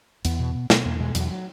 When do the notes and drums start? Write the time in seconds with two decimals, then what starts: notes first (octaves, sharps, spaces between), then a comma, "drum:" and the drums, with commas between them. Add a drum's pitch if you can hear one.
0.25 E2 B3, drum: hi-hat
0.40 B2
0.55 B2
0.70 B2 B3, drum: snare
0.85 E2 A#3
1.00 B2 G#3
1.15 E2 F#3, drum: hi-hat
1.31 F#3